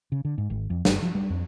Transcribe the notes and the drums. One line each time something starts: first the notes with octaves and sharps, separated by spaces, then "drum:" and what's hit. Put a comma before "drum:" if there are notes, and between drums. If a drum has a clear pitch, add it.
C#3
D3
G#2
G#1
F2
F#1, drum: snare
F3
G3
F2